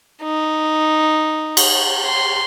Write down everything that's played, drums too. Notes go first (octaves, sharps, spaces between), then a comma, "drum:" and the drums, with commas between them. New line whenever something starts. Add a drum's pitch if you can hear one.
D#4
drum: cymbal
C6